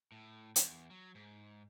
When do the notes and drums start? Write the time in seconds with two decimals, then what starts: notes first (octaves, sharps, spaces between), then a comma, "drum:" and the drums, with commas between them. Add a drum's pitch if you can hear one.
0.12 A2
0.56 E2, drum: hi-hat
0.90 F#3
1.15 G#2